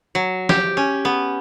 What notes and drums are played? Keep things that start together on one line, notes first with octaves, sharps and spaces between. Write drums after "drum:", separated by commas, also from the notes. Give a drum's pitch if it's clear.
F#3
G4, drum: snare
C#4
B3